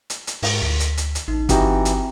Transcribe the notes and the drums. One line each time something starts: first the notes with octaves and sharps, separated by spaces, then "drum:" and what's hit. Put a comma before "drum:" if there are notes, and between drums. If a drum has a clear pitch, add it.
drum: hi-hat
drum: hi-hat
G#2, drum: open hi-hat
D2 B6
drum: hi-hat
drum: hi-hat
drum: hi-hat
A1 D#4
G1 E3 C4 D#4 F#4 G4 G5 A#5, drum: kick, hi-hat
drum: hi-hat